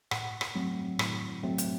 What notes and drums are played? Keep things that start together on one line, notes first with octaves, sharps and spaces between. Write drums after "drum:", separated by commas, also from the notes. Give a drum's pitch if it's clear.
A2 F#5, drum: rim click
drum: rim click
F#3 A3 C4
A2, drum: rim click
F#3 A3 C4
drum: hi-hat